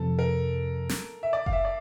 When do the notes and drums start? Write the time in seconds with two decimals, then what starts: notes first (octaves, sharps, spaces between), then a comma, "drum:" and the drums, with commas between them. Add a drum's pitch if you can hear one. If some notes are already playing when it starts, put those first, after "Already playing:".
Already playing: F2 C3 F3 A4
0.19 A#4
0.89 drum: snare
1.23 E5
1.33 D5
1.46 F5, drum: kick F#1
1.53 E5
1.65 D5